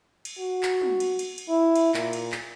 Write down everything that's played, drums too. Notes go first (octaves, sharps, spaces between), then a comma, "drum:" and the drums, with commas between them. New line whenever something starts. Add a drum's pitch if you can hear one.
drum: cymbal
F#4
drum: clap
drum: tom
drum: cymbal
drum: cymbal
drum: cymbal
E4
drum: cymbal
A#2, drum: clap
drum: cymbal
drum: clap